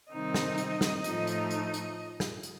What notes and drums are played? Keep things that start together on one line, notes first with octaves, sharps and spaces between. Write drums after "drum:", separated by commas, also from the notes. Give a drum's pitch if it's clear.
C3 D#3 G3 C4 D#4 D#5
drum: snare
drum: hi-hat
drum: snare
A2 F3 A3 D#4, drum: hi-hat
drum: hi-hat
drum: hi-hat
drum: hi-hat
drum: snare
drum: hi-hat